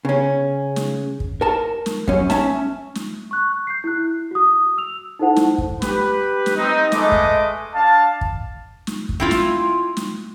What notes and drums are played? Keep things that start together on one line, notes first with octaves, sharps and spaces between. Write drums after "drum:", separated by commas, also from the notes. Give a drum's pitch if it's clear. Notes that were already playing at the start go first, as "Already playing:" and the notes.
C#3 C#4
drum: snare
drum: kick
A#4 A5
drum: snare
F#2 C#4, drum: kick
C#4 E5 A5, drum: snare
drum: snare
C#6 F#6
G6 C7
E4 F#6
F#4 D#6
E6 F7
D#4 E4 A4 C5 F#5 A5
drum: snare
drum: kick
G4 B4, drum: snare
drum: snare
C4 D#4
G#3 A3 B4 D#5 D6, drum: snare
drum: kick
D4 F5 A5
drum: kick
drum: snare
drum: kick
C4 E4 F4
drum: snare
drum: snare